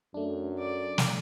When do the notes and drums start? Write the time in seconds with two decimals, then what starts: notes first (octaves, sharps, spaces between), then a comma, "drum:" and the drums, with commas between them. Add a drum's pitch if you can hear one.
0.14 F#2 A3 D4
0.59 D5
0.98 drum: snare